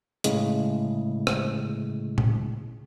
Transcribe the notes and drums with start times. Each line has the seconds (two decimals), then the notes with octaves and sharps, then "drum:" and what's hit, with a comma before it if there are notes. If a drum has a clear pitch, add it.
0.24 A2 C#3 G#3, drum: hi-hat
1.27 drum: rim click
2.18 drum: tom A2